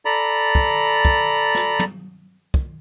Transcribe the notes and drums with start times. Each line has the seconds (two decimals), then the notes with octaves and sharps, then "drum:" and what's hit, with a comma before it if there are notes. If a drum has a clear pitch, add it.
0.05 A4 D5 A#5 B5
0.55 drum: kick
1.05 drum: kick
1.55 drum: snare
1.79 drum: tom
2.54 drum: kick